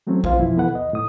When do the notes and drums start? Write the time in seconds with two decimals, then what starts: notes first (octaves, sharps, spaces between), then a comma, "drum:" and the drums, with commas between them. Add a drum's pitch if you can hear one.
0.07 E3 F#3 A3 C4 C#4
0.24 E2 F4 C5 F5, drum: kick A#1
0.39 F2 B2 E3 F3 E4
0.57 B3 A4 B4 F#5
0.73 D#2 D#5
0.93 A2 D#6